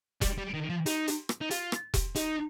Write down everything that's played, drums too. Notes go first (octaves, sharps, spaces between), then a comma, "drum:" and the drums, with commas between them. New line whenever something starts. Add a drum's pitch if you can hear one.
G3, drum: kick E1, hi-hat
G3
D#3
F3
D#4, drum: hi-hat
drum: hi-hat
drum: rim click
D#4
F4, drum: hi-hat
drum: rim click
drum: kick E1, hi-hat
D#4, drum: hi-hat